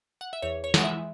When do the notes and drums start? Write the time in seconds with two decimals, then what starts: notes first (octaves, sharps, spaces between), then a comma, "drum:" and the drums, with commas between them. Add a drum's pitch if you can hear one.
0.21 F#5
0.33 E5
0.42 E2 C#5
0.64 C#5
0.74 E3 G#3 F#5, drum: snare
0.84 E5